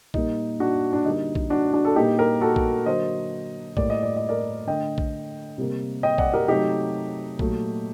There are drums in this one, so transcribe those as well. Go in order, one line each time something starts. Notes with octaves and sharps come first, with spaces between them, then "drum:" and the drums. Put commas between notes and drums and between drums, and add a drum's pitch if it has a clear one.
A#2 G3 A#3 D#4, drum: kick A#1
D4 F#4
D4
D3 G3 A#3 D#4
drum: kick A#1
D4 F#4
D4 F#4
A4
A#2 G3 A#3 D#4 G4
G4 A#4
F#4 A4
drum: kick A#1
D3 F#3 A#3 C5 D#5
A2 G3 A#3 D5, drum: kick A#1
D#5
D5
D#5
A#4 D5
D3 A3 D#5 G5
drum: kick A#1
C3 G3 A#3
D#5 G5
D5 F#5, drum: kick A#1
G4 A#4
C3 F#3 A3 D#4 G4
A#2 F#3 A3, drum: kick A#1